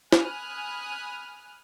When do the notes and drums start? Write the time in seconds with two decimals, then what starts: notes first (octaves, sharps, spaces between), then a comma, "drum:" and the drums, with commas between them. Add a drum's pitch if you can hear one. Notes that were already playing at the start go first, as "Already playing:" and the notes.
0.13 G#5 B5 D#6 F6 F#6, drum: snare